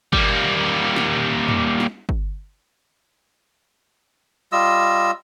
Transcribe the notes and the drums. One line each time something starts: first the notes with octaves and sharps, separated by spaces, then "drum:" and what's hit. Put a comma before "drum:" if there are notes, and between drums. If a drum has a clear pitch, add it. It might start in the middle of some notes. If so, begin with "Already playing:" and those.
G3 A#3, drum: kick
drum: snare
drum: tom
drum: snare
drum: kick
G3 F4 D#5 E6